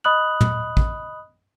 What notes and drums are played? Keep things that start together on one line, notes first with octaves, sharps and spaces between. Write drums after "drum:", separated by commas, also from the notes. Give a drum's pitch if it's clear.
D#5 B5 D#6 F#6 F#7
drum: tom
drum: kick